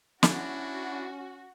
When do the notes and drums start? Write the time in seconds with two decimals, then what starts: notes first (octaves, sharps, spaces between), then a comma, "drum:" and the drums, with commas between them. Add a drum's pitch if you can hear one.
0.23 C#4 D4 E4 F#4, drum: snare